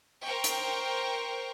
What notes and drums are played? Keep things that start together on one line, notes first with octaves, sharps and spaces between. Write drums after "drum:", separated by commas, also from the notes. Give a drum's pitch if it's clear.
A#4 C5 G5 C#6
drum: hi-hat